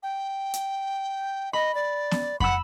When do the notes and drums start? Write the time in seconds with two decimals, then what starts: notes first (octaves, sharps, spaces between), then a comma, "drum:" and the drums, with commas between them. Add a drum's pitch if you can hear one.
0.03 G5
0.54 drum: hi-hat
1.53 D#5 B5
1.75 D5
2.11 drum: snare B3
2.40 F#5 B5 E6, drum: kick